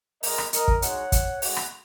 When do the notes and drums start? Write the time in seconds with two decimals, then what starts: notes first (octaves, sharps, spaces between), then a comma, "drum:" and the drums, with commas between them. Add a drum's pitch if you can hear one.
0.23 G#3 F#4 A#4 D#5, drum: open hi-hat
0.38 drum: rim click
0.53 A#4 D#5, drum: hi-hat
0.68 drum: kick
0.82 G#3 D#4 F#4 C#5 F#5, drum: hi-hat
1.12 drum: kick, hi-hat
1.42 G#3 F#4, drum: open hi-hat
1.56 drum: rim click